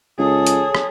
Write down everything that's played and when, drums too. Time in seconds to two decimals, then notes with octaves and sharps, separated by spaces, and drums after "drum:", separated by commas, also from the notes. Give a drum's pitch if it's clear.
0.19 C#2 G#4 A4 C#5 D#6
0.47 drum: hi-hat
0.75 drum: rim click